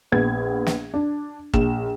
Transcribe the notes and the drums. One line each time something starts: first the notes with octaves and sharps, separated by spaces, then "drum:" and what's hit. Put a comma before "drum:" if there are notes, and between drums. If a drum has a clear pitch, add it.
A#1 B3 G#6
drum: snare
D4
A#1 E7, drum: kick